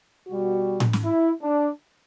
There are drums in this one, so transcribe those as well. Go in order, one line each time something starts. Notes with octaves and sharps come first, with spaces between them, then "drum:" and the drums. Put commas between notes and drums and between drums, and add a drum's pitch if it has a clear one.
B2 G3 F#4
drum: tom A2
drum: snare
E4
D4